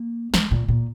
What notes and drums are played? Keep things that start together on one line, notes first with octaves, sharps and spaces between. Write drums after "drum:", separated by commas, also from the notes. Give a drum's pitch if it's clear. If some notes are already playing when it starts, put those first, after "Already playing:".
Already playing: A#3
G#3, drum: snare
A#2
A#2